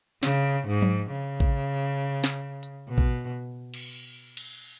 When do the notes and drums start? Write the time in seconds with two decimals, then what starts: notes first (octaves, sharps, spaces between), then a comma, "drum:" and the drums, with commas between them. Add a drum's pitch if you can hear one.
0.23 C#3, drum: snare
0.67 G#2
0.82 drum: tom F3
1.11 C#3
1.40 drum: kick A1
2.24 drum: snare
2.63 drum: hi-hat
2.88 B2
2.98 drum: kick A1
3.74 drum: cymbal
4.37 drum: cymbal